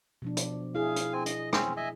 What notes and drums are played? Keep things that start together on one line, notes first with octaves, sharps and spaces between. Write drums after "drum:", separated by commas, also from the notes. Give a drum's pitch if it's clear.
B2 F3 D4
drum: hi-hat
E4 G#4 F5
drum: hi-hat
C4 G#5
D#5, drum: hi-hat
C4 C#4, drum: rim click
D#5 E5 G#5